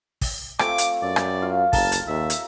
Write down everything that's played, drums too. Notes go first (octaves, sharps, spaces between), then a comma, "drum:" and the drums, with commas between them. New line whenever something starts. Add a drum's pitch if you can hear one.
drum: kick, open hi-hat
A3 C4 F4 D6, drum: rim click
drum: hi-hat
F#2 D5
drum: rim click
F4 F5
F#1 A#4 A5, drum: kick, open hi-hat
drum: hi-hat
D#2 E5
drum: hi-hat